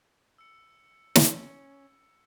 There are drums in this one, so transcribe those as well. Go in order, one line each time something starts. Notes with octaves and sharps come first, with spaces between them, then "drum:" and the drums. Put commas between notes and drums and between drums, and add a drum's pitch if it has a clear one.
E6 C#7
C#4, drum: snare